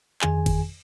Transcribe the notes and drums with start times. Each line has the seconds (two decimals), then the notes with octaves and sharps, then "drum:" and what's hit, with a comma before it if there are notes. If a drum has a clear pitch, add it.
0.21 F2 D#3 G#4 G#5, drum: clap
0.46 drum: kick, cymbal